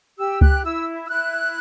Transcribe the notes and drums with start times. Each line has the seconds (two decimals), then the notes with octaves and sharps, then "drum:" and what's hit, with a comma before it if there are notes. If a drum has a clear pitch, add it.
0.18 G4 E6
0.41 F#6, drum: kick C#2
0.64 E4 E6
1.05 E6
1.09 E4 F#6